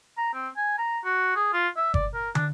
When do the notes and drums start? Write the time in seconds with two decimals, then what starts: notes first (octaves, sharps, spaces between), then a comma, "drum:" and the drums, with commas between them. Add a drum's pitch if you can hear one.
0.17 A#5
0.34 C4
0.57 G#5
0.78 A#5
1.04 F#4
1.36 G#4
1.53 F4
1.77 E5
1.94 D5, drum: kick G1
2.14 A#4
2.35 D4, drum: tom